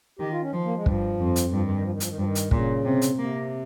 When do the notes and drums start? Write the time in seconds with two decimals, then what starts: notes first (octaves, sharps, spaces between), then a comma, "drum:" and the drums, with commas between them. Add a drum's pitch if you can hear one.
0.19 D#3 G4
0.31 F4
0.41 C#4
0.53 F3
0.65 A#3
0.75 G#3
0.86 G2 F3, drum: kick
1.19 F2
1.36 drum: hi-hat
1.52 G2 F3
1.63 D#3
1.75 D#3
1.83 F3
1.91 D#3
2.00 F3, drum: hi-hat
2.09 D#3
2.16 G2 F3
2.24 D#3
2.35 drum: hi-hat
2.51 A#2 C#3, drum: kick
2.85 C3
3.02 drum: hi-hat
3.18 C3 A#3